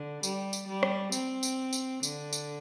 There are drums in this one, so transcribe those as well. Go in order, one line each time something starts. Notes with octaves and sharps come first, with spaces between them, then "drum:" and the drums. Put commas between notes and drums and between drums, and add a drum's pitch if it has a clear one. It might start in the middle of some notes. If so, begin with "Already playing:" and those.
Already playing: D3
G3, drum: tambourine
drum: tambourine
G3
drum: rim click
C4, drum: tambourine
drum: tambourine
drum: tambourine
D3, drum: tambourine
drum: tambourine